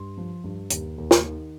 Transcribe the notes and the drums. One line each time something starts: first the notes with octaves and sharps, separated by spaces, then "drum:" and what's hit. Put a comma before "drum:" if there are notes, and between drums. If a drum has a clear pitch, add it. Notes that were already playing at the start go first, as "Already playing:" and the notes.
Already playing: G2 C6
F3
G2
D#2, drum: hi-hat
D#2
drum: snare
D#3